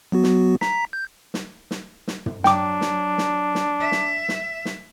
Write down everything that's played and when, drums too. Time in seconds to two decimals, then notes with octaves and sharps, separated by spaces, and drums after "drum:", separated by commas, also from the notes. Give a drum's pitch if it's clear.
0.12 F#3 B3 F#4
0.23 drum: snare
0.61 A#5 B6, drum: snare
0.93 G6
1.34 drum: snare
1.71 drum: snare
2.08 drum: snare
2.26 drum: tom
2.44 F#3 D4 G5 D6, drum: snare
2.81 drum: snare
3.18 drum: snare
3.55 drum: snare
3.80 E5
3.92 drum: snare
4.29 drum: snare
4.65 drum: snare